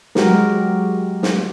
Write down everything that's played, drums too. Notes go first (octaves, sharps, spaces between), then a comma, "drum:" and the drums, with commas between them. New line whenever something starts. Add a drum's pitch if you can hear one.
F#3 G#3 F#4 G4 A#4, drum: snare
drum: snare